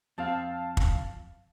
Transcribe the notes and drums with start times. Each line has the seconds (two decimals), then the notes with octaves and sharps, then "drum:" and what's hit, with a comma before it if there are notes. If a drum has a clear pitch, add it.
0.18 F2 C4 F5 A5
0.77 drum: kick